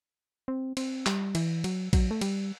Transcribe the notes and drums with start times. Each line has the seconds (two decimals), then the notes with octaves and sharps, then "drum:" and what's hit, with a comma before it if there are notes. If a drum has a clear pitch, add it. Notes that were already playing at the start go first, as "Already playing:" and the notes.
0.48 C4
0.77 C4, drum: cymbal
1.06 G3, drum: clap
1.35 E3, drum: cymbal
1.64 F#3, drum: cymbal
1.93 F#3, drum: kick A#1, cymbal
2.11 A3
2.21 G3, drum: cymbal